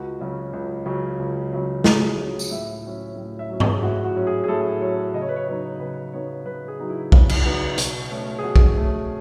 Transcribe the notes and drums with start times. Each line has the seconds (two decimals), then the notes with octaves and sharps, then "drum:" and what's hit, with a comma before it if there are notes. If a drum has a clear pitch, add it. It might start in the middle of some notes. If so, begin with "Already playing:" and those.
Already playing: C#2 F#4
0.20 C#3 F#3 C#4
0.53 C#2
0.86 C#3 F#3 C#4
1.19 C#2
1.52 C#3 F#3 C#4
1.84 C#2 G#4, drum: snare
2.18 C#3 F#3 C#4
2.39 drum: tambourine
2.51 A2 E5
2.84 F#3 C#4
3.16 A2
3.39 E5
3.50 F#3 C#4
3.60 G#4, drum: tom G#2
3.83 A2 F#4
4.04 F#4
4.15 F#3 C#4
4.27 G#4
4.44 G#4
4.48 A2 A4
4.81 F#3 C#4 C#5
5.14 C#3 D#5
5.21 C#5
5.29 B4
5.36 C#5
5.47 F#3 B3 D#4 C#5
5.80 C#3 B4
6.13 F#3 B3 D#4 C#5
6.46 C#3 B4
6.68 G#4
6.79 F#3 B3 D#4
6.90 E4
7.12 C#3, drum: kick
7.29 drum: cymbal
7.44 F#3 B3 D#4
7.78 B2, drum: hi-hat
8.11 A3 C#4
8.39 G#4
8.43 B2 F#4
8.56 drum: kick
8.77 A3 C#4